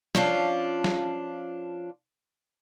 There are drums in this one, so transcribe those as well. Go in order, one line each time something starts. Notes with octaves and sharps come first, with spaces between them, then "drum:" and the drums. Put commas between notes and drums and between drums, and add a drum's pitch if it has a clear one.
F3 C#4 D4 F4, drum: snare
drum: snare